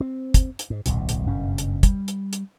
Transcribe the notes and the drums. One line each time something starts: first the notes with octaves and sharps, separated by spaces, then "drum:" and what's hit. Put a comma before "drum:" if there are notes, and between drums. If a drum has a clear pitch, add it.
C4
drum: kick, hi-hat
drum: hi-hat
G#2
D1 B1 A#2, drum: hi-hat
drum: hi-hat
F#1 G2 B2 C#4
drum: hi-hat
G3, drum: kick, hi-hat
drum: hi-hat
drum: hi-hat